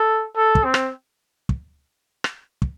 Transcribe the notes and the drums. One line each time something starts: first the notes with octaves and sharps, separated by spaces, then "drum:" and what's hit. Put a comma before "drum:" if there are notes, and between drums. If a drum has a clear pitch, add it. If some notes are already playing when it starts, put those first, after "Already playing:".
Already playing: A4
A4
drum: kick
C4
drum: rim click
drum: kick
drum: rim click
drum: kick